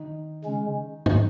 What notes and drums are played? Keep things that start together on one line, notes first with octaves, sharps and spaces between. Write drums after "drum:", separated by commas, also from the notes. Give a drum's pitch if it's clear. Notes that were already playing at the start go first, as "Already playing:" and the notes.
Already playing: D#3 D#4
C#3 G#3 C#4
D#3 D#4, drum: tom G#2